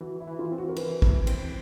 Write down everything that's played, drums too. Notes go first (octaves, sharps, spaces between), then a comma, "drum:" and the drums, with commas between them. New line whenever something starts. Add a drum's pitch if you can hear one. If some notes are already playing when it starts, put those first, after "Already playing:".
E3 F#4
E4
E3
F4
C4
F#4
A#4
E3 B4, drum: cymbal
E3, drum: kick
C4, drum: cymbal